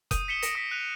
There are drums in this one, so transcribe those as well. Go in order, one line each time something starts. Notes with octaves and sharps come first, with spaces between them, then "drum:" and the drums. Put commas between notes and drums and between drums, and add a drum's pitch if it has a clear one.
D#6 G6 D#7, drum: kick F1, hi-hat
B6 C#7 E7 G7
A#6 D7, drum: hi-hat
D#6 B6
F#6 D#7 F7